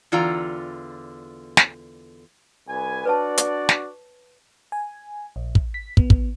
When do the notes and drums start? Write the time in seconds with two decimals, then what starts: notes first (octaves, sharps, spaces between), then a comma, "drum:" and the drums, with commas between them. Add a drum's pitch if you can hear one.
0.12 E2 D3 F4 D5 G5 A#5
1.57 drum: snare
2.68 C2 B4 G#5
3.05 D4 F#4 B4 C#5 D5 A5
3.38 drum: hi-hat
3.69 drum: snare
4.72 G#5
5.36 A#1
5.55 drum: kick
5.74 B6
5.97 B3, drum: kick
6.10 drum: kick